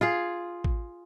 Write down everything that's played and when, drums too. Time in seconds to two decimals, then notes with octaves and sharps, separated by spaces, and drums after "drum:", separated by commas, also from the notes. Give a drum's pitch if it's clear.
0.01 F4 G#4 F5
0.64 drum: kick A1